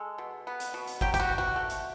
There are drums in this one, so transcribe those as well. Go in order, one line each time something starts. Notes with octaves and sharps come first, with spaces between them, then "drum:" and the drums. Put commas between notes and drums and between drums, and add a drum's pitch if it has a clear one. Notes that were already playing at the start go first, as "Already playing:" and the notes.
Already playing: G#3 A4
B2
B3
drum: hi-hat
B2
drum: hi-hat
F#3 G4, drum: kick
G4, drum: kick, hi-hat
F#4
B2
F#4
A3
drum: hi-hat